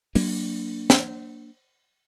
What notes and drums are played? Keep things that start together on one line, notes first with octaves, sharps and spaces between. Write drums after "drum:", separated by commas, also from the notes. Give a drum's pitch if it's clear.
F#3 A#3 D4, drum: open hi-hat
drum: snare